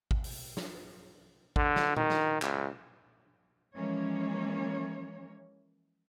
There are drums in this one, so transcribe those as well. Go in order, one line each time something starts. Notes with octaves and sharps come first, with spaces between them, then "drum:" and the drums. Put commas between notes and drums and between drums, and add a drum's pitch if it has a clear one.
drum: kick G#1
drum: open hi-hat
drum: snare
D3, drum: kick G#1
drum: snare
D#3, drum: tom A#2
drum: snare
C#2, drum: clap
E3 F3 G#3 A#3 C#4 C#5